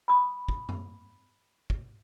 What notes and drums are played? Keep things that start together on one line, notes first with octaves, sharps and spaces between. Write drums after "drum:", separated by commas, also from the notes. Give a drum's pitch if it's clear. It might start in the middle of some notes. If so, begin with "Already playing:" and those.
B5 D#6
drum: kick
drum: tom F#2
drum: kick